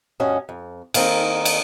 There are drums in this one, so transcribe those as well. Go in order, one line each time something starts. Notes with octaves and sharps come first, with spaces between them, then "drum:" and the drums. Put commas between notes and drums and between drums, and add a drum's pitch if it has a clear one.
D2 G2 C#4 F#4 D#5
F2
D#3 A#3 C4 D#4, drum: cymbal
drum: cymbal